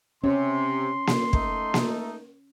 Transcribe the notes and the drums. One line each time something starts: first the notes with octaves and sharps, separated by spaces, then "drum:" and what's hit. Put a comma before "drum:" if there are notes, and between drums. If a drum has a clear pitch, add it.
C3 C#4 C6
drum: snare A#3
A3 D#4, drum: kick
drum: snare A#3